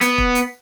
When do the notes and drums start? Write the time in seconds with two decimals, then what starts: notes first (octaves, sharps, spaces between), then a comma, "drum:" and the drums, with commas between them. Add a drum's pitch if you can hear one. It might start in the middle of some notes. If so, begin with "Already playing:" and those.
0.01 B3, drum: hi-hat
0.18 drum: kick
0.35 drum: hi-hat